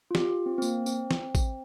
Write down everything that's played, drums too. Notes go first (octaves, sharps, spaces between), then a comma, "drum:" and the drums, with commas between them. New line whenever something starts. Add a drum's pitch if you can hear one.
F4
G4, drum: snare
F4
C4
C4
A#3, drum: tambourine
C4, drum: tambourine
drum: snare
drum: kick A1, tambourine